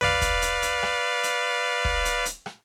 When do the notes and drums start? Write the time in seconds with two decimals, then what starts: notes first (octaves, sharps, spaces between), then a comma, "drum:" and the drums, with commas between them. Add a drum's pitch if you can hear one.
0.01 B4 D5 F5, drum: tom
0.21 drum: kick, hi-hat
0.42 drum: hi-hat
0.62 drum: hi-hat
0.83 drum: rim click
1.23 drum: hi-hat
1.85 drum: kick
2.05 drum: hi-hat
2.25 drum: hi-hat
2.46 drum: rim click